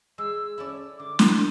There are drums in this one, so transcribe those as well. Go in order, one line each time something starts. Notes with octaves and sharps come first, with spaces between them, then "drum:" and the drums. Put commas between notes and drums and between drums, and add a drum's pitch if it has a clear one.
G#3 E6
C#4 E4 A4 D5
D3 D6
drum: snare